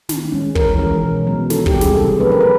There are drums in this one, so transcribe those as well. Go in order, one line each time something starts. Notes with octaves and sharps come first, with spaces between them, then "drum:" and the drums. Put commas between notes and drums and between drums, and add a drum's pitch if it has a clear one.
D#3, drum: snare
G#3 C#4
E3 A#4, drum: kick
G#3 C#4 A#4
B2
F#3 B3
D#3 A4, drum: snare
G4, drum: kick
G3 C4
G#4, drum: snare
C3 A4
A4
F3 A#3 C#4 B4
A#4
B4